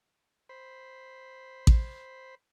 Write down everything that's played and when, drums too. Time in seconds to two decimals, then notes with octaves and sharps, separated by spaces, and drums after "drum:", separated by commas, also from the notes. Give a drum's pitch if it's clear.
0.49 C5 B5
1.67 drum: kick A1